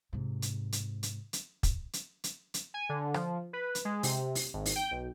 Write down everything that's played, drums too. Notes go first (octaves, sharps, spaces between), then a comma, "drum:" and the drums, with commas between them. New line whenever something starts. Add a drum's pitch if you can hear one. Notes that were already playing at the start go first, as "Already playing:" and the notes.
G#2 C3
drum: hi-hat
drum: hi-hat
drum: hi-hat
drum: hi-hat
drum: kick, hi-hat
drum: hi-hat
drum: hi-hat
drum: hi-hat
G#5
D3
F3, drum: rim click
B4
drum: hi-hat
G#3
C3, drum: open hi-hat
drum: open hi-hat
G#1
drum: open hi-hat
G5
B1